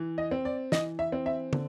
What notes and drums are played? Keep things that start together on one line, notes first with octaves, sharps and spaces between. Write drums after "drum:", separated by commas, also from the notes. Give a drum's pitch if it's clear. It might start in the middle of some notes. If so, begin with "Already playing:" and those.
Already playing: E3
D#5
C4
D5
E3 D#5, drum: snare
E5
C4
E5
D3, drum: tom